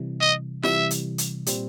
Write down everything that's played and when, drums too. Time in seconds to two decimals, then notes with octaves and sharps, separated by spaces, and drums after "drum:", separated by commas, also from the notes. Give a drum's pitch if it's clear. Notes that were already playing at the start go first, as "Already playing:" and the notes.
Already playing: C3 E3 G3
0.21 D#5
0.63 C3 E3 G3 E5, drum: snare F4
0.91 drum: hi-hat
1.18 drum: hi-hat
1.46 A#2 G3 C4, drum: hi-hat